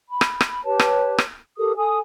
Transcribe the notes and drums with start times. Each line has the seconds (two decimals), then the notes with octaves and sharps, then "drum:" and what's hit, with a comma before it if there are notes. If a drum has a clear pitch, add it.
0.10 B5
0.21 drum: rim click
0.41 drum: rim click
0.65 G4 B4 C#5 A5
0.79 drum: rim click
1.18 drum: rim click
1.57 G4 A4 A#4 D#6
1.77 A4 G#5 D#6